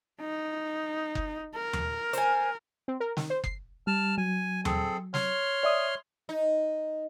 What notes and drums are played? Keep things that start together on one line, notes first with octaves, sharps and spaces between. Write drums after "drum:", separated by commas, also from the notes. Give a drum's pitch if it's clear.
D#4
drum: kick F#1
A#4
drum: tom D#2
C5 G#5, drum: hi-hat
C4
A#4
D#3, drum: snare
C5
C7, drum: kick F#1
G3 A5 F6
F#3 G#5
C4 G#4 A4, drum: tom D#2
C#5 C6 F6, drum: snare
D5 E5 D#6
D#4